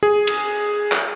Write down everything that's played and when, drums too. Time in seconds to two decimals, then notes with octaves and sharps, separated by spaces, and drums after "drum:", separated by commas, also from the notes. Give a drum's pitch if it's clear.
0.03 G#4
0.27 drum: cymbal
0.92 drum: clap